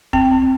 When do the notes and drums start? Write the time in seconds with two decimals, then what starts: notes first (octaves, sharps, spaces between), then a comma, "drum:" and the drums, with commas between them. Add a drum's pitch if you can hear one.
0.13 C4 G5, drum: kick
0.31 C4